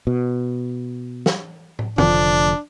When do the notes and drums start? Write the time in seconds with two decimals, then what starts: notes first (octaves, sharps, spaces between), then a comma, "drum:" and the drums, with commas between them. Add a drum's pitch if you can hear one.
0.07 B2
1.26 drum: snare
1.79 drum: tom
1.98 F1 D3 F3 D4, drum: tom